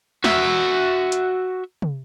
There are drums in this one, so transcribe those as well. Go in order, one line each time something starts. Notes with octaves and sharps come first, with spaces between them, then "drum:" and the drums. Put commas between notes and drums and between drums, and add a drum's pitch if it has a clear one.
F#4 E5, drum: snare
drum: hi-hat
drum: tom